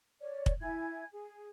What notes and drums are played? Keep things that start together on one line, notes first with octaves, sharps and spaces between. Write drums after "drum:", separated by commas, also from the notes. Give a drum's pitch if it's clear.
C#5 D5
drum: kick
E4 G#5 G#6
G#4